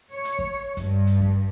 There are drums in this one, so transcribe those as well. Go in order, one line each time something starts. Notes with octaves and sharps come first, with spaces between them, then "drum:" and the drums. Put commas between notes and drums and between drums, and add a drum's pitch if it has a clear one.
C#5
drum: hi-hat
drum: kick
G2, drum: kick, hi-hat
drum: hi-hat
drum: kick